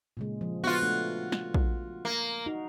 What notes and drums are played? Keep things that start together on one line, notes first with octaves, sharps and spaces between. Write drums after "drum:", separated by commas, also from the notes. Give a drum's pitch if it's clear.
A#2 C#3 G#3
F3
B3 F4 F#4
A3 D4
drum: snare
drum: kick
A#3
D#4 F#4